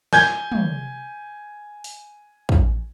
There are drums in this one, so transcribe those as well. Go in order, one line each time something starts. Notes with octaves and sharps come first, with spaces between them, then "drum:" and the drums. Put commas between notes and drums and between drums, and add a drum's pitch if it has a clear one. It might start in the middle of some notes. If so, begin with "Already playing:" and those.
G#5 G6 G#6, drum: snare
drum: tom
drum: open hi-hat
drum: kick